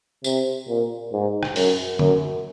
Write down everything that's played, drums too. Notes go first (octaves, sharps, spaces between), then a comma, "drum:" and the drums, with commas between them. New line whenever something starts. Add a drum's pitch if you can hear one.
C3, drum: tambourine
A#2
G#2
drum: rim click
F#2, drum: open hi-hat
F#2, drum: tom D3